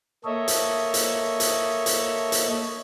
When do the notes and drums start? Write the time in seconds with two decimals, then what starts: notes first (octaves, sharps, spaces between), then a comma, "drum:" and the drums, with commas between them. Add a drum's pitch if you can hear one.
0.25 A#3 A4 C#5 D#5 E5
0.48 drum: hi-hat
0.94 drum: hi-hat
1.40 drum: hi-hat
1.86 drum: hi-hat
2.32 drum: hi-hat